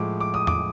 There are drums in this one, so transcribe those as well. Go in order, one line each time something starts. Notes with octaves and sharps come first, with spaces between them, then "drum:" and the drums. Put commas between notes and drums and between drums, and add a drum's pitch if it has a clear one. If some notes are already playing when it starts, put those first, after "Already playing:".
Already playing: A2 F3 G#3 D6
D6
D#6
D6, drum: tom E2